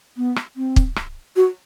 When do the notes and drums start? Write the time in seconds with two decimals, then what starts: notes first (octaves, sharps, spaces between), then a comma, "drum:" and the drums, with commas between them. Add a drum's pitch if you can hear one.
0.17 B3
0.36 drum: rim click
0.56 C4
0.76 drum: kick
0.96 drum: rim click
1.36 F#4